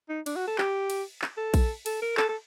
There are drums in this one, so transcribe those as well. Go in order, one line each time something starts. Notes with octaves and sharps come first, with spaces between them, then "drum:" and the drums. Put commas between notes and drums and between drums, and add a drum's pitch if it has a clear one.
D#4
D4, drum: cymbal
F#4
A4
G4, drum: clap
drum: cymbal
drum: clap
A4
drum: kick A#1, cymbal
A4, drum: cymbal
A#4
A4, drum: clap
A4